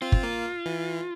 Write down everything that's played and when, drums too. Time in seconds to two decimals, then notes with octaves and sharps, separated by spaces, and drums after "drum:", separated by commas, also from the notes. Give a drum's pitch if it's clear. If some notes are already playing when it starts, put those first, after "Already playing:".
0.02 C4 F4
0.12 drum: kick
0.23 A#3
0.66 E3